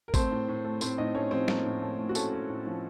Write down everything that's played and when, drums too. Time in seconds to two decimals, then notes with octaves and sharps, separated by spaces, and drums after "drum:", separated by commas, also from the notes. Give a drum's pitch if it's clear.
0.08 A#4
0.14 A3 C4 C5, drum: kick, tambourine
0.31 A2
0.48 A2
0.65 A3
0.81 A2 C4 C5, drum: tambourine
0.98 A2 D#4 D#5
1.15 A3 C#4 C#5
1.31 F3 C4 C5
1.48 A3 A#3 A#4, drum: snare
1.65 A2
1.82 A3
1.99 A2
2.09 F#4
2.15 A3 C#4 A4, drum: tambourine
2.33 C#4
2.49 A2
2.67 F3